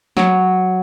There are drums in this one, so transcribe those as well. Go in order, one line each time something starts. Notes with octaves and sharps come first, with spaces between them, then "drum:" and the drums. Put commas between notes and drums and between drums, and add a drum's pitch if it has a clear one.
F#3, drum: snare